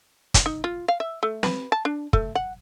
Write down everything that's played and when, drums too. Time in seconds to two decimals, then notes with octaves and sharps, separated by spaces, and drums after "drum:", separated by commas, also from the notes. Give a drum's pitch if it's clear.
0.34 drum: kick, hi-hat
0.46 D#4
0.64 F4
0.88 F5
1.00 E5
1.23 A3
1.43 B4, drum: snare
1.72 A5
1.85 D4
2.13 A3, drum: kick
2.35 F#5